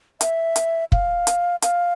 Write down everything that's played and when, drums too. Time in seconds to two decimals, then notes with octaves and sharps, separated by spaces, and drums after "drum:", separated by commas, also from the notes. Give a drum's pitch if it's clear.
0.21 E5, drum: hi-hat
0.56 drum: hi-hat
0.92 F5, drum: kick
1.27 drum: hi-hat
1.62 F5, drum: hi-hat